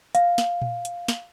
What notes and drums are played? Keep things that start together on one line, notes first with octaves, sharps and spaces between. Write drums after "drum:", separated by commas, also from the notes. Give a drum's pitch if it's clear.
F5, drum: hi-hat
drum: snare
drum: tom A#2
drum: hi-hat
drum: snare